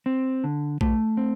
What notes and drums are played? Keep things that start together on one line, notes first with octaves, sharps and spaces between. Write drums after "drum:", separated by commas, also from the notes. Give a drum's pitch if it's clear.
C4
D3
A3, drum: kick
C4